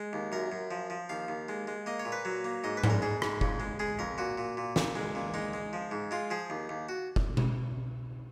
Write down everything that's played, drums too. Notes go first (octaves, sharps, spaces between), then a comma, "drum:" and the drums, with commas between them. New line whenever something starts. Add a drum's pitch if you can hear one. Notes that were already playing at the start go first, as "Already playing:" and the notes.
Already playing: G#3
D#2
F#2 A#4
F#2
F3
F3
D#2 F5
D#2
G#3
G#3
A#3 D#5
C#5
A#2
B4
F#3
A#3
G#2 D#5
B4
G#2, drum: tom G#2
A#4
G#2 G#4
G#2, drum: rim click
F2, drum: kick
G#3
G#3 G#4
F2 A#4
A#2 F#4
A#2
A#2
A#2, drum: snare
G#3
A#2
G#3 D#4
G#3
F3
G#2
G#3 F4
F3 G#4
D#2
D#2
F#4
drum: kick
drum: tom B2